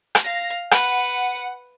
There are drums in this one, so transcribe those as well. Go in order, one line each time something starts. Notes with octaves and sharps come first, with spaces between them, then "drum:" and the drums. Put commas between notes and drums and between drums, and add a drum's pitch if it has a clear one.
drum: rim click
F5 A#6
B4 F#5, drum: rim click